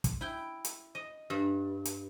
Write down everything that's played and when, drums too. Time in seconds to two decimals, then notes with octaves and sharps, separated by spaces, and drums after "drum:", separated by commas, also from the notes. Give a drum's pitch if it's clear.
0.04 drum: kick, hi-hat
0.21 E4 G5
0.65 drum: hi-hat
0.95 D#5
1.30 G2
1.85 drum: hi-hat